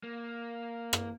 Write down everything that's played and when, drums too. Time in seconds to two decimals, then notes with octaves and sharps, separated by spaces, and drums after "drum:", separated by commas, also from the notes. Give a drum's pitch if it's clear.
0.03 A#3
0.93 drum: rim click